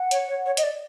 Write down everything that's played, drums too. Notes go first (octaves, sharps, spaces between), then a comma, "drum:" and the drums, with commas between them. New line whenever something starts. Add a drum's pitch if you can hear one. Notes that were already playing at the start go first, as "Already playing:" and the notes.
Already playing: F#5
C#5, drum: hi-hat
C#5
C#5
D#5, drum: hi-hat
D5